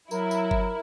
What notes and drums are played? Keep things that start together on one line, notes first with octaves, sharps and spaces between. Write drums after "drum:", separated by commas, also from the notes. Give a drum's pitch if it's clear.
F#3 E4 A#4, drum: tambourine
drum: tambourine
drum: kick G1